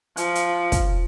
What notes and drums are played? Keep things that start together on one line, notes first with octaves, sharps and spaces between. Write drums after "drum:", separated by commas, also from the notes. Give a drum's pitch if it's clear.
F3, drum: hi-hat
drum: hi-hat
drum: kick, hi-hat